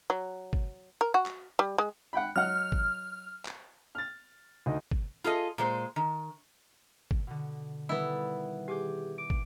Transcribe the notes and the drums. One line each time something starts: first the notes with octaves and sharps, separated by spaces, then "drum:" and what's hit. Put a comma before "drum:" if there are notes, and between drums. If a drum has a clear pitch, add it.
F#3
drum: kick
A#4
F#4
drum: clap
G3
G#3
F#5 G5 B5
F#3 D#5 F#5 F6
drum: kick
drum: clap
F6 A6
D2 D#4 D#5
drum: kick
F4 G#4 A4 D#5
A#2 G#3 C5
D#3
drum: kick
B2 D3
D#3 G3 B3 E4 A4
G4 G#4 G#5 D6 G6
D6 D7
drum: kick